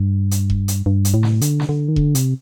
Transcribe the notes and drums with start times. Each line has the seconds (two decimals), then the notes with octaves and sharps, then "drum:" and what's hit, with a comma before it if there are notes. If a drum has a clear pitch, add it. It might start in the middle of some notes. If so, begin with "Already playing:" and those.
Already playing: G2
0.31 drum: hi-hat
0.50 drum: kick E1
0.68 drum: hi-hat
0.86 G2
1.05 drum: hi-hat
1.14 A2
1.23 drum: snare
1.41 D3, drum: hi-hat
1.60 drum: snare
1.69 D3
1.88 D#3
1.96 D3, drum: kick E1
2.15 C3, drum: hi-hat